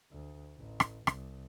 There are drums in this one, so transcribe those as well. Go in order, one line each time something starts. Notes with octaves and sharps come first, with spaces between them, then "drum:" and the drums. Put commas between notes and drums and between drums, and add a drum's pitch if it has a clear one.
D2
A1
drum: rim click
C2, drum: rim click